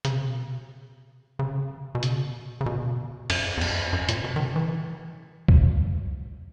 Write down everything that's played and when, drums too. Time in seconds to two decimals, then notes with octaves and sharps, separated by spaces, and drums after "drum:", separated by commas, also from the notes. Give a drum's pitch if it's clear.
0.05 C#3, drum: hi-hat
0.13 B2
1.39 C#3
1.95 B2
2.03 C#3, drum: hi-hat
2.61 C#3
2.66 B2
3.30 F#2, drum: cymbal
3.57 E2
3.61 F#2, drum: cymbal
3.93 F#2
4.09 A#2, drum: hi-hat
4.24 B2
4.36 D#3
4.41 C#3
4.56 E3
5.48 drum: kick C2